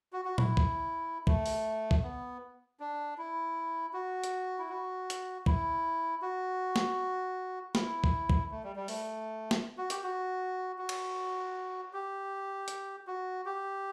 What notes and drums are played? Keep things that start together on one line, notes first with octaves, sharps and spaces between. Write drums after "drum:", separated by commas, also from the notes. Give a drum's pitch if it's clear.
F#4
F#4
E4, drum: tom A#2
drum: kick
A3, drum: kick
drum: open hi-hat
drum: kick
B3
D4
E4
F#4
drum: hi-hat
E4
F#4
drum: hi-hat
E4, drum: kick
F#4
drum: snare
E4, drum: snare
drum: kick
drum: kick
A3
G3
G3
A3, drum: open hi-hat
drum: snare
F#4
G4, drum: hi-hat
F#4
F#4
drum: cymbal
G4
drum: hi-hat
F#4
G4